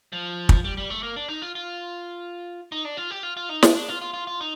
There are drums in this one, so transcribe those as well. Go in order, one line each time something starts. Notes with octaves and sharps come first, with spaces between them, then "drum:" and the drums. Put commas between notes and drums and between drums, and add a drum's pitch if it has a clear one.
F3
drum: kick
G3
G3
A3
A#3
D4
D#4
F4
F4
D#4
D4
F4
G4
F4
F4
D#4
D4, drum: snare
D4
F4
F4
F4
F4
D#4